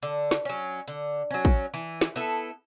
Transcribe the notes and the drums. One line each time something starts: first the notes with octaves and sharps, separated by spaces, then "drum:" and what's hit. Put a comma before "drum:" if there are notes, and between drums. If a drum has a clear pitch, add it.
D3
drum: snare
F#3 C#4
D3, drum: hi-hat
F#3 C#4
drum: kick
E3
drum: snare
B3 E4 A4